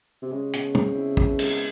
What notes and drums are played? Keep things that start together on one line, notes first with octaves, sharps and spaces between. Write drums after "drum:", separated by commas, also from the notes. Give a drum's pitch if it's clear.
C3
C#3 G#3
B2, drum: hi-hat
C4, drum: tom
E4
B2, drum: kick
G#3, drum: cymbal